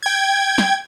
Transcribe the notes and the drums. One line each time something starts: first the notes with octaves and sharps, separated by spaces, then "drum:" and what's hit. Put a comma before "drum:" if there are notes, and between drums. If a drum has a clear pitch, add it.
G5 G#6
drum: snare